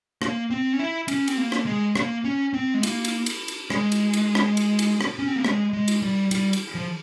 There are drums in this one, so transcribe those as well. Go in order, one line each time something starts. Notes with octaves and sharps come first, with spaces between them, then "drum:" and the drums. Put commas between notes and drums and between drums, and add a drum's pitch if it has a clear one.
A#3, drum: rim click
C4
C#4
E4
C#4, drum: cymbal
C4, drum: cymbal
A#3
drum: rim click
G#3
A#3, drum: rim click
C#4
C4
G#3
A#3, drum: cymbal
drum: cymbal
drum: cymbal
drum: cymbal
G#3, drum: rim click
drum: cymbal
drum: cymbal
drum: rim click
drum: cymbal
drum: cymbal
drum: rim click
C#4
C4
A#3
G#3, drum: rim click
G#3
drum: cymbal
G3
G3, drum: cymbal
drum: cymbal
F3